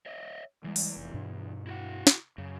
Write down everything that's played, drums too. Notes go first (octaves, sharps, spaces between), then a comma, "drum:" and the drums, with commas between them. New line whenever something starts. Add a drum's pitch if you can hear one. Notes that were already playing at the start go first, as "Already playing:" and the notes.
C#5 D#5 E5
E2 E3 G3 G#3
drum: open hi-hat
F1
G2 B2 D4
E4 F#4 F#5
drum: snare
F#2 C#3